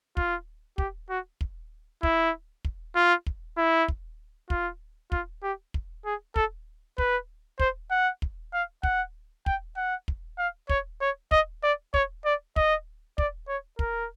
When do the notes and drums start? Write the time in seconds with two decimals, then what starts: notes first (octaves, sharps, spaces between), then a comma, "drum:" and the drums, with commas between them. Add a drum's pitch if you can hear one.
0.17 F4, drum: kick
0.78 G4, drum: kick
1.10 F#4
1.41 drum: kick
2.03 E4, drum: kick
2.65 drum: kick
2.95 F4
3.26 drum: kick
3.58 E4
3.88 drum: kick
4.50 F4, drum: kick
5.12 F4, drum: kick
5.43 G4
5.74 drum: kick
6.05 G#4
6.36 A4, drum: kick
6.98 B4, drum: kick
7.59 C5, drum: kick
7.91 F#5
8.22 drum: kick
8.53 F5
8.83 F#5, drum: kick
9.46 G5, drum: kick
9.76 F#5
10.08 drum: kick
10.38 F5
10.69 C#5, drum: kick
11.01 C#5
11.31 D#5, drum: kick
11.63 D5
11.94 C#5, drum: kick
12.25 D5
12.56 D#5, drum: kick
13.18 D5, drum: kick
13.48 C#5
13.79 A#4, drum: kick